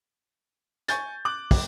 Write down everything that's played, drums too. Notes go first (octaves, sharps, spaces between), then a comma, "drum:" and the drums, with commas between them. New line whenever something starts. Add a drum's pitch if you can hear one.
G#5 C#6 G6 A6, drum: hi-hat
D6 F#6 F#7
drum: kick, open hi-hat